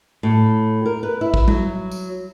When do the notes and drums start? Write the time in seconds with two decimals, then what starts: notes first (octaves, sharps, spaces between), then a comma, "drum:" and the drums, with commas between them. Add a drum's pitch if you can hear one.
0.23 A2
0.86 A#4
1.03 B4
1.21 E4
1.34 drum: kick
1.48 F#3, drum: tom G3
1.91 drum: tambourine